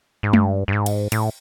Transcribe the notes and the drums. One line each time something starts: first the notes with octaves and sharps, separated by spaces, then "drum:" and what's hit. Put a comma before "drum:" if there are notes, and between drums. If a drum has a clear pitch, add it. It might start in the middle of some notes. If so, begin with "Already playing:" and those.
G#2
G2, drum: tom G#3
G2
G#2
drum: cymbal
A2, drum: cymbal